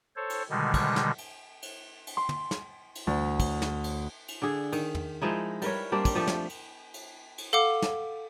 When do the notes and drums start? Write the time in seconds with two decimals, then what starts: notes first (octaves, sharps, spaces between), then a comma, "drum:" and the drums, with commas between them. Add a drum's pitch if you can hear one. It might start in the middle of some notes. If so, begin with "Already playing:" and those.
0.16 A4 C5 C#5
0.30 drum: cymbal
0.50 B2 D3 D#3 G3 G#3
0.74 drum: kick, cymbal
0.96 drum: snare
1.18 drum: cymbal
1.62 drum: cymbal
2.07 drum: cymbal
2.17 C6
2.29 drum: tom
2.51 drum: snare
2.95 drum: cymbal
3.07 D2
3.40 drum: kick, cymbal
3.62 drum: snare
3.84 drum: cymbal
4.28 drum: cymbal
4.42 D3 G#4
4.72 D#3, drum: cymbal
4.95 drum: tom
5.22 F3 G#3 D#4 E4
5.62 G3 A#4 B4 C#5, drum: cymbal
5.92 G3 A#3 C4 D4
6.05 drum: kick, cymbal
6.15 F3 A3 G4
6.27 drum: snare
6.50 drum: cymbal
6.94 drum: cymbal
7.38 drum: cymbal
7.53 A4 F5 F#5 D6
7.82 drum: snare